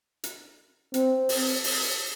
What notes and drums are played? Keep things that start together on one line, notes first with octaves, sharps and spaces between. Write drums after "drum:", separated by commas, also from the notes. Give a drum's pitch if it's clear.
drum: hi-hat
C4, drum: hi-hat
drum: open hi-hat
drum: open hi-hat